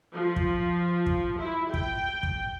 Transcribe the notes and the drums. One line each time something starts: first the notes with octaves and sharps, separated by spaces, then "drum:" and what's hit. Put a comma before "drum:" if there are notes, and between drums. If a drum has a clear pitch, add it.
F3
drum: kick
drum: kick
E4
G5, drum: kick
drum: kick